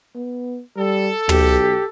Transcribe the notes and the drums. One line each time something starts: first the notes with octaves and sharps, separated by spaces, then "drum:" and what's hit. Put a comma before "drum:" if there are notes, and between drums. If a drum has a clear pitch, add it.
B3
G3 A4
B1 G4, drum: tom